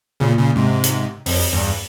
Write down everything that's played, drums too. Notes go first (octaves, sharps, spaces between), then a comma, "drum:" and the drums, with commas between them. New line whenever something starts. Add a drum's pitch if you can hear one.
A#2 C#3
A#2 C#3
G#2 C3
drum: hi-hat
F2, drum: open hi-hat
E2 G2